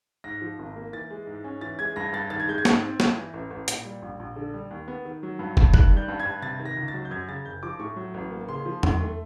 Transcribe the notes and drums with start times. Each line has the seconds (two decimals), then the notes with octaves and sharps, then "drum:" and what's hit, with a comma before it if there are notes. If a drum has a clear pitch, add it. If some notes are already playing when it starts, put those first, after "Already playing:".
0.24 G#2 A#6
0.42 F3
0.59 G#1
0.76 A#3
0.93 E3 A6
1.10 G#3
1.27 G#2
1.44 C#4
1.61 E3 A6
1.79 G#3 G#6
1.96 G2 A#6
2.13 G2 A6
2.30 D#3 A6
2.40 G#6
2.48 G#3 G6
2.58 G#6
2.65 G#2, drum: snare
2.82 C4
3.00 G2, drum: snare
3.17 E3
3.34 A1
3.51 A1
3.68 A#2, drum: hi-hat
3.85 G3
4.02 A#1
4.20 A#1
4.36 D3
4.54 G3
4.71 D#2
4.88 B3
5.05 D#3
5.23 F#3
5.39 G2
5.57 G2, drum: kick
5.74 D#3 F#6, drum: kick
5.91 G3
5.97 G6
6.08 G2
6.20 G#6
6.25 G2
6.42 C3 A6
6.59 D#3
6.65 A#6
6.77 C#2
6.88 A6
6.94 F#3
7.05 G6
7.11 F#2 G#6
7.28 C#3 A6
7.45 F#1 G6
7.63 F3 D6
7.80 A2 C#6
7.96 F#3
8.14 A1
8.31 A#3
8.48 C#3 C6
8.66 F3
8.83 D#2, drum: tom E2
9.00 A3